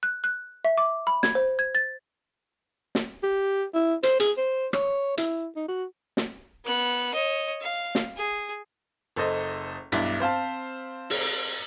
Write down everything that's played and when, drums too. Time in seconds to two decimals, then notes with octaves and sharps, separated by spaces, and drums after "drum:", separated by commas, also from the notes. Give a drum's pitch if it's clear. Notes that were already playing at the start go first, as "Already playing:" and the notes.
0.03 F#6
0.24 F#6
0.65 E5
0.78 D6
1.07 B5
1.23 G#6, drum: snare
1.35 C5
1.59 G#6
1.75 A6
2.95 drum: snare
3.23 G4
3.74 E4
4.03 C5, drum: hi-hat
4.20 G#4, drum: hi-hat
4.38 C5
4.73 C#5, drum: rim click
5.17 E4, drum: hi-hat
5.56 D#4
5.68 F#4
6.17 drum: snare
6.65 B3 F#6
7.14 C#5 D#5
7.61 F5
7.95 drum: snare
8.16 G#4
9.16 F#1 A4 C5 D#5
9.92 B1 G2 D4 E4 B6, drum: hi-hat
10.20 C4 C5 F5 A5
11.10 drum: open hi-hat